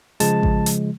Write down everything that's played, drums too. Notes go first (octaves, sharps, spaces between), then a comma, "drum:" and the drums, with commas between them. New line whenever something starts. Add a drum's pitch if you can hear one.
C#3 F3 G#3 A5, drum: hi-hat
drum: kick A1
drum: hi-hat